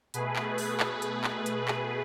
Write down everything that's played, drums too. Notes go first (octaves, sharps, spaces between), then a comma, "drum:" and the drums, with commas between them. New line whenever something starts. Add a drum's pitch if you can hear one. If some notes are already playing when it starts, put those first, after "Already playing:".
B2 A3 G#4 B4, drum: hi-hat
drum: clap
drum: open hi-hat
drum: clap
drum: hi-hat
drum: clap
drum: hi-hat
drum: clap